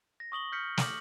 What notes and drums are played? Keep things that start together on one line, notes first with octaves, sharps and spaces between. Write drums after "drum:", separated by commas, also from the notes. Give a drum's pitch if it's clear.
A#6
C#6 D#6 F#7 G7
F6 G6 B6 C#7
D6 F#7, drum: snare